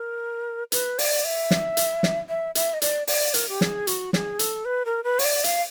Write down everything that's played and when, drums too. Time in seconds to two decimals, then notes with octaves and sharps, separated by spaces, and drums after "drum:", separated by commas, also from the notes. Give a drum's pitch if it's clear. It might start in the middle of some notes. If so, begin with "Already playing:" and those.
Already playing: A#4
0.72 B4, drum: hi-hat
0.99 D5, drum: open hi-hat
1.24 E5
1.51 drum: snare
1.77 drum: hi-hat
2.03 drum: snare
2.29 E5
2.55 E5, drum: hi-hat
2.74 D#5
2.82 D5, drum: hi-hat
3.07 D5, drum: open hi-hat
3.34 A#4, drum: hi-hat
3.49 G4
3.61 G#4, drum: snare
3.87 F#4, drum: hi-hat
4.13 G#4, drum: snare
4.39 A4, drum: hi-hat
4.65 B4
4.85 A#4
5.04 B4
5.19 C#5, drum: open hi-hat
5.25 D5
5.44 F5, drum: hi-hat